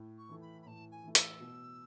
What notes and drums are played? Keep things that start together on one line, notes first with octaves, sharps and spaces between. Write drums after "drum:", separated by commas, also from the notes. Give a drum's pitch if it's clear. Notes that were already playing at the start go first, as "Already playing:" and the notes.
Already playing: A2
C#6
E3 A3
B5
B5
A2 A5
G#5
E3 A3
E6, drum: hi-hat
B2